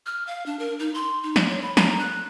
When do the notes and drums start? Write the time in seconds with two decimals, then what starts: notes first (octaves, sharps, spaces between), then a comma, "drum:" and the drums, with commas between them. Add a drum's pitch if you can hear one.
0.06 F6
0.27 F5
0.46 D4
0.59 A#4
0.79 D#4
0.94 C6
1.23 D#4
1.36 drum: snare
1.49 C#5
1.62 B5
1.77 A#5, drum: snare
1.99 F#6